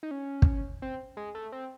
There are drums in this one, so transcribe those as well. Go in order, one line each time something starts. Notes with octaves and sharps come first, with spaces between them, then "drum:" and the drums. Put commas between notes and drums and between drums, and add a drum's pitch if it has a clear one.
D#4
C#4
drum: kick
C4
G#3
A3
C4